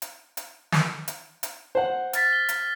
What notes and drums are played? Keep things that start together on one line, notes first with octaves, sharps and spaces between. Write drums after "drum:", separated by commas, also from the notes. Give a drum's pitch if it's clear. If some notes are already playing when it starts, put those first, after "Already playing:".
drum: hi-hat
drum: hi-hat
drum: snare
drum: hi-hat
drum: hi-hat
C5 F#5
F6 A6 B6, drum: hi-hat
G7
drum: hi-hat